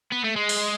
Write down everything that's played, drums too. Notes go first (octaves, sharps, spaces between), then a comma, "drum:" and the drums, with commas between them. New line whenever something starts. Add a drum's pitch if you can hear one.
B3
A3
G#3
drum: open hi-hat